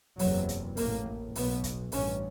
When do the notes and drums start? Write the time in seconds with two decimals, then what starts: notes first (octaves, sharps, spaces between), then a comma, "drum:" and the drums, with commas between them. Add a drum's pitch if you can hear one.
0.19 F#1 E2 C3 F#3, drum: open hi-hat
0.49 drum: kick, hi-hat
0.77 A1 A2 A#3, drum: open hi-hat
1.06 drum: kick
1.35 B1 B2 B3, drum: open hi-hat
1.64 drum: kick, hi-hat
1.92 A1 G2 C#4, drum: open hi-hat